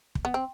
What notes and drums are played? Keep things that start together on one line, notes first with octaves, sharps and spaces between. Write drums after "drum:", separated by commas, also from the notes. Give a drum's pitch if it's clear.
drum: kick
B3
C4